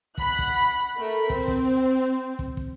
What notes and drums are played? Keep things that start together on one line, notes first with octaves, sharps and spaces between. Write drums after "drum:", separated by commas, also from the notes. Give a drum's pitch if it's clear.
F#5 B5 F#6, drum: kick
drum: kick
A3 A#4 B5
C4, drum: kick
drum: kick
drum: kick
drum: kick